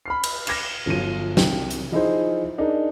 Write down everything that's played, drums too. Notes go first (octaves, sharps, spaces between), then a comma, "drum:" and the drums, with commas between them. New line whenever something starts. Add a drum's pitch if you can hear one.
B5 F6 C7
drum: cymbal
D6 F6 G#6 A#6, drum: cymbal
G1 F3 F#3 F4 D#7
C2 G5, drum: snare
drum: hi-hat
F3 D#4 E4 G#4 C5 D#5
D4 D#4 G#4 A#4